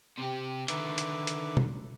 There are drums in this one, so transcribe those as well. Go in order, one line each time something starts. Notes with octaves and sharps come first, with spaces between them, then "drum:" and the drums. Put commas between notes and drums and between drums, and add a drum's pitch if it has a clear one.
C3 G4
D3 D#3 B4 E5 D6, drum: hi-hat
drum: hi-hat
drum: hi-hat
drum: tom